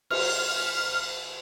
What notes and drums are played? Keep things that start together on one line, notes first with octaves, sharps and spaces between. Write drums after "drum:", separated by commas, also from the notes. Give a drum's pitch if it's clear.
F6, drum: cymbal